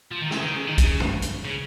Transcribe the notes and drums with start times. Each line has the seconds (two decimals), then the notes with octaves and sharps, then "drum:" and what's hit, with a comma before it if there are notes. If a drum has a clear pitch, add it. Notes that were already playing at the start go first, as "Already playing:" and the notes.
0.12 F3
0.21 D#3
0.31 C#3, drum: snare
0.41 D#3
0.56 C#3
0.67 D#3
0.78 C#3, drum: kick, hi-hat
1.00 drum: tom
1.22 drum: hi-hat
1.45 C#3